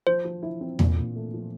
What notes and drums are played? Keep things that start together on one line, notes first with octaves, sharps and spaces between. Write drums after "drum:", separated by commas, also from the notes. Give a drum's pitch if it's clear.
F3 C5
F3
E4
C4
A#2, drum: tom E2
A#2
A3
F3